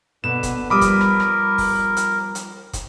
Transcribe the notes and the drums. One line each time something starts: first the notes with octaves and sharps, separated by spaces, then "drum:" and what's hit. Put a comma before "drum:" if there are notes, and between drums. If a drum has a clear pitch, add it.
B2 D3 B4 E7
drum: kick, hi-hat
F3 G3 B3 A#4 B5 D6 D#6
drum: kick, hi-hat
drum: rim click
drum: rim click
drum: kick, open hi-hat
drum: hi-hat
drum: hi-hat
drum: kick, hi-hat